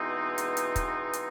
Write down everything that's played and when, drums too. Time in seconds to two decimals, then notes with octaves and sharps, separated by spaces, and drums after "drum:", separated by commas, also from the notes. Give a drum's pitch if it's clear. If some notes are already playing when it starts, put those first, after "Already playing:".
Already playing: E2 B2 G#3 C4 D#4
0.38 drum: hi-hat
0.57 drum: hi-hat
0.76 drum: kick, hi-hat
1.13 drum: hi-hat